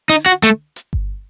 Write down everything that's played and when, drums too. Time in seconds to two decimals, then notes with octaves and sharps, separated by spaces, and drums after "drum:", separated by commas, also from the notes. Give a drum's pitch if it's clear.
0.09 D#4, drum: open hi-hat
0.26 F#4
0.43 A3, drum: hi-hat
0.76 drum: hi-hat
0.93 drum: kick G1